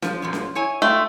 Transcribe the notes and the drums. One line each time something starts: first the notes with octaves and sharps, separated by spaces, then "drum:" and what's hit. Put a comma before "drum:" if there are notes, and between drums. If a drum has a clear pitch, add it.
F3, drum: snare C#4
F#2 A#2 F3
drum: snare C#4
E4 C#5 G#5
A3 F4 G5